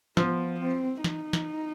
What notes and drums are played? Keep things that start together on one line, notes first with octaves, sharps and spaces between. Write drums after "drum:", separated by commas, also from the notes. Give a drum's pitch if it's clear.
F3 B3, drum: snare
C4
D#4, drum: snare
drum: snare